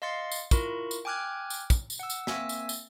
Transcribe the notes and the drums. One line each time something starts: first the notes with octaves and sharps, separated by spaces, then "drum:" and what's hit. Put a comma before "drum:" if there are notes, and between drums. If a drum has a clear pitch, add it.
D#5 F5 C6 A6 C7 C#7
drum: tambourine
E4 F4 A#4 B5 C#6, drum: kick, tambourine
drum: tambourine
G5 G#5 D6 F6 F#6 G#6
drum: tambourine
drum: kick, tambourine
drum: tambourine
F#5 E6
drum: tambourine
A#3 C4 E5 G#5 E6 B6, drum: snare
drum: tambourine
drum: tambourine